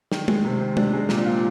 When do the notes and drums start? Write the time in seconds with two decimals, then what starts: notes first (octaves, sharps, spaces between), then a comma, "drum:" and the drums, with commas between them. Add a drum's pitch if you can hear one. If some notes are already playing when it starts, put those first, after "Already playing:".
0.12 D#3, drum: snare
0.28 G#3, drum: tom
0.45 C3
0.61 D#3
0.77 D4, drum: tom
0.93 G#3
1.09 A#2, drum: snare
1.25 F4